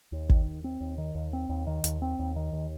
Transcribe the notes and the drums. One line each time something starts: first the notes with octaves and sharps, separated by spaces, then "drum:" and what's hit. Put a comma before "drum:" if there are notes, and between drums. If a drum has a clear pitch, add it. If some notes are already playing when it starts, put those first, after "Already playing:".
D#2
D#3, drum: kick
D#2
C4
D#2
D#3
D#2
C4
D#2
D#3
D#2, drum: hi-hat
C4
D#2
D#3
D#2